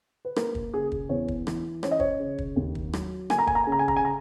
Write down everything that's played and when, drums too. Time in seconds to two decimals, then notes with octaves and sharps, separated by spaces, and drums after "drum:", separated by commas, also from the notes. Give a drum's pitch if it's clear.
0.25 B4
0.36 A#3 A#4, drum: rim click
0.55 drum: kick
0.73 C#3 G#4
0.92 drum: kick
1.09 E2 C#5
1.28 drum: kick
1.47 E3, drum: rim click
1.83 C#4 C#5, drum: rim click
1.91 D#5
2.00 C#5, drum: kick
2.19 C#3
2.38 drum: kick
2.56 D#2
2.75 drum: kick
2.93 F#3, drum: rim click
3.30 A#3 G#5, drum: rim click
3.38 A#5
3.47 G#5, drum: kick
3.55 A#5
3.64 C#3 G#5
3.72 A#5
3.79 G#5
3.88 A#5, drum: kick
3.96 G#5
4.05 A#5